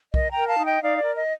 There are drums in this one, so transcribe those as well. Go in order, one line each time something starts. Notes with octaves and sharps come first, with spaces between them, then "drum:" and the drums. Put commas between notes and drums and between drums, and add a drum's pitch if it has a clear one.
A#4 D#5, drum: kick B1
G5 A#5
A#4
F5 A5
D#4
D#5 G5
D#4 D5 F5
D5
A#4
D#5